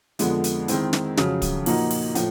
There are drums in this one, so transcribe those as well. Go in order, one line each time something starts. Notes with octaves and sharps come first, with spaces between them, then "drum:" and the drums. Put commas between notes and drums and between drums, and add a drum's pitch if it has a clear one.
F2 D3 F3 G#3 B3, drum: hi-hat
drum: hi-hat
D#3 G#3 C4 E4, drum: hi-hat
drum: snare
F2 C#3 F#3, drum: snare
drum: kick, hi-hat
A#2 F3 A#3 D#4 F#4, drum: open hi-hat
drum: open hi-hat
A2 F3, drum: hi-hat